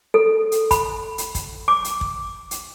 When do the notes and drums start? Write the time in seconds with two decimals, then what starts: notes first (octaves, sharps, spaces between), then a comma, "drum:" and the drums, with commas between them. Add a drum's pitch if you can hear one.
0.14 A4
0.52 drum: hi-hat
0.71 B5, drum: kick, hi-hat
1.18 drum: hi-hat
1.35 drum: kick, hi-hat
1.68 D6
1.84 drum: hi-hat
2.01 drum: kick
2.51 drum: hi-hat